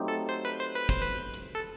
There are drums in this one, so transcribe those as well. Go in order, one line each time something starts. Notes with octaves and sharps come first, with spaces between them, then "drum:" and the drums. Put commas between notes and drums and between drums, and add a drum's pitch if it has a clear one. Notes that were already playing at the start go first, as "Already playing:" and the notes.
Already playing: F#3 A3 C4 D#4 G4
A4
C5
B4
C5
B4
C5, drum: kick, hi-hat
B4
drum: hi-hat
A4